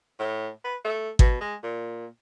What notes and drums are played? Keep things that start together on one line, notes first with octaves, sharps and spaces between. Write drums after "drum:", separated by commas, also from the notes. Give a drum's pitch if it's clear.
A2
B4
A3
B2, drum: kick G#1
G#3
A#2